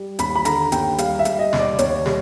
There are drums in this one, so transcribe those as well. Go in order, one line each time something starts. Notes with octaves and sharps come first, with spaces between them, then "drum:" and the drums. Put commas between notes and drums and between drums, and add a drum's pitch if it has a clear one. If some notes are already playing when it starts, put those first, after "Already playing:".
Already playing: G3
D#2 B5, drum: hi-hat
B5
D3 A#5, drum: hi-hat
D#2 G5, drum: hi-hat
G3 F5, drum: hi-hat
E5
G3, drum: hi-hat
D#5
D#2, drum: snare
D5
D#2 C#5, drum: hi-hat
G3, drum: snare